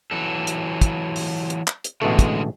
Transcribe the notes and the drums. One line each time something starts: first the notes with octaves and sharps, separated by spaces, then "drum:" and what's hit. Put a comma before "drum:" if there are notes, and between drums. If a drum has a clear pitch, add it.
E3 F#3 A4
drum: hi-hat
drum: kick, hi-hat
drum: open hi-hat
drum: hi-hat
drum: clap
drum: hi-hat
A1 B2 D3 G#3 A3
drum: kick, hi-hat